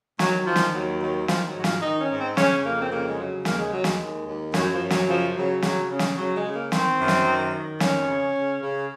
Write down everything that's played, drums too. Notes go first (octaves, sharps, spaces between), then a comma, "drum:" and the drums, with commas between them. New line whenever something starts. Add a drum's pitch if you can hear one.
D#3 F#3, drum: snare
D#3 F3
drum: snare
D#2 F#3
D#3 F#3
D#3 F3, drum: snare
F#3
G#2 F#4
F4, drum: snare
D#3 D#4
C#4
G#2
C4
C#3 C#4, drum: snare
F2 A#3
C4
C#3 A#3
G#3
C#3 F#3
D#2 A#3, drum: snare
G#3
D#2 F#3
G#3, drum: snare
D#2
D#2
F#2 F#3, drum: snare
F3
F#2
F#3, drum: snare
C#3 F3
C#3 F#3
C#3 F#3, drum: snare
C#3
drum: snare
C#3 F#3
G#3
C#3
A#3
D#3 C4, drum: snare
F#2
drum: snare
D#3
D#3
F2 C#4, drum: snare
C#3
C#3
C#3